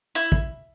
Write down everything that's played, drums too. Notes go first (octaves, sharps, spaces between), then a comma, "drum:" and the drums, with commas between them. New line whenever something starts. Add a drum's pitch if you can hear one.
E4
drum: kick